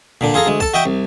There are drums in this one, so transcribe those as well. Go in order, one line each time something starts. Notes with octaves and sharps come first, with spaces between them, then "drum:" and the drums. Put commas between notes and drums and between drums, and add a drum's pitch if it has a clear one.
A#2 D3 D4, drum: tom A2
F4 G#4 A4 A#5
D2 G#3
A4 A5, drum: kick
F#4 D#5 E5 G5
C2